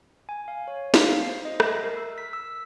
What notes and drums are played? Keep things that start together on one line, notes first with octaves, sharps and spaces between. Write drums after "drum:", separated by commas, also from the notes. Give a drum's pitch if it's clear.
G#5
F5
C#5
F5, drum: snare
C7
C5
D#5
E5, drum: rim click
A#4
E6
B6
E6